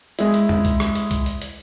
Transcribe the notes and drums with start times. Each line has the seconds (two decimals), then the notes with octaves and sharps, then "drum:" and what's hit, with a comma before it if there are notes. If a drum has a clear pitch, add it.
0.19 G#3 E4, drum: hi-hat
0.34 drum: hi-hat
0.49 drum: tom E2
0.65 drum: kick, hi-hat
0.80 drum: rim click
0.95 drum: hi-hat
1.11 drum: kick, hi-hat
1.26 drum: hi-hat
1.42 drum: hi-hat